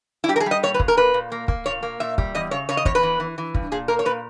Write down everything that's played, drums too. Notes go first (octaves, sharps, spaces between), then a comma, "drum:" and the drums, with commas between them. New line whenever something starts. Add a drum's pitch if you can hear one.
E4
G3 G4
A#4
G#4
G3
D#5
A#2 C#5
B4
A#2, drum: kick
A#4
A#3 B4
A#2
A#3
A#3, drum: kick
A#2 C#5
A#3
A#2 E5
G3, drum: kick
E2 D#5
C#3 C#5
C#3 C#5
D#5
E2 C#5, drum: kick
B4
E3
E3
E3
G2, drum: kick
A#2 G#4
A#3 A#4
C#5
A#2 B4